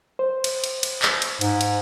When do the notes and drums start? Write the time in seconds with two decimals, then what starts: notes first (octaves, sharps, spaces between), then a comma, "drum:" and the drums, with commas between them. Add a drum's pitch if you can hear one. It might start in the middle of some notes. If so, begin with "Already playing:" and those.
0.19 C5
0.44 drum: cymbal
0.64 drum: cymbal
0.83 drum: cymbal
1.02 drum: clap
1.22 drum: cymbal
1.41 G#2, drum: cymbal
1.61 drum: cymbal